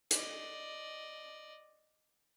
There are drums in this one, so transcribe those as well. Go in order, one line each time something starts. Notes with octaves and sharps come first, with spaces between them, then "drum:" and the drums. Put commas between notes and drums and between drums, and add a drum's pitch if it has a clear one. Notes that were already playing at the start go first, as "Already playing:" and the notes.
D5 D#5, drum: hi-hat